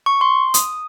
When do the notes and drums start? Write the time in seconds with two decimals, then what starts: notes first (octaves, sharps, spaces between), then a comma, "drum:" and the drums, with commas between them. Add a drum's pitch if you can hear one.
0.06 C#6
0.21 C6
0.54 D#6, drum: hi-hat